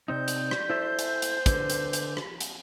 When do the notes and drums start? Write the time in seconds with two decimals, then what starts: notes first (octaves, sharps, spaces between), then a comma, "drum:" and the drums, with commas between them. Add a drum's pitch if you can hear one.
0.08 C3 C4 D#4 D5 G6
0.28 drum: hi-hat
0.51 drum: rim click
0.70 E4 A4 C5 E5
0.99 drum: hi-hat
1.22 drum: hi-hat
1.46 D3 B4, drum: kick, hi-hat
1.70 drum: hi-hat
1.93 drum: hi-hat
2.17 drum: rim click
2.41 drum: hi-hat